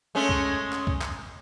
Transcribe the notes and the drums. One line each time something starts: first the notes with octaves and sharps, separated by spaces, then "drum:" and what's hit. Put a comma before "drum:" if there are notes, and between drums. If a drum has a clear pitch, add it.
G#3 A3 C#4
drum: kick C2
drum: clap
drum: kick C2
drum: clap